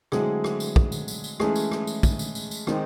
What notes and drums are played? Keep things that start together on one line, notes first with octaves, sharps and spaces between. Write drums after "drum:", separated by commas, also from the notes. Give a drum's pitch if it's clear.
D3 F#3 G#3 A3 C4 E4 G#4, drum: rim click
drum: rim click
drum: tambourine
drum: kick
drum: tambourine
drum: tambourine
drum: tambourine
E3 G#3 A3 C#4 E4 G#4, drum: rim click
drum: tambourine
drum: rim click
drum: tambourine
drum: kick, tambourine
drum: tambourine
drum: tambourine
drum: tambourine
D#3 G#3 C4 D#4, drum: rim click